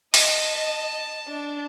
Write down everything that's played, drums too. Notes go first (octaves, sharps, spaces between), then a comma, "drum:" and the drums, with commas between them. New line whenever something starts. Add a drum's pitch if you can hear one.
D#5 A5, drum: open hi-hat
D4